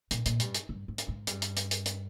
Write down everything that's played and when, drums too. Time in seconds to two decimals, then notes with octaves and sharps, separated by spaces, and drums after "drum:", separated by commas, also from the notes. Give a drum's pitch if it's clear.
0.11 A#2, drum: hi-hat
0.26 A#2, drum: hi-hat
0.40 G2, drum: hi-hat
0.55 drum: hi-hat
0.69 G2
0.88 G#2
0.98 drum: hi-hat
1.08 G#2
1.27 G2, drum: hi-hat
1.42 drum: hi-hat
1.57 drum: hi-hat
1.71 drum: hi-hat
1.86 drum: hi-hat